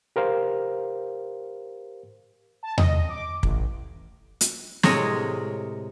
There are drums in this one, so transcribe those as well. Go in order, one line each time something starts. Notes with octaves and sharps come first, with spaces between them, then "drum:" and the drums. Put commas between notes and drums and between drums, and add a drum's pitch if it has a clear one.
G4 A#4 C5 F5
A5
D#5, drum: tom E2
D6
A1, drum: kick
drum: hi-hat
A2 C3 G#3 A#4 C#5 D#5, drum: snare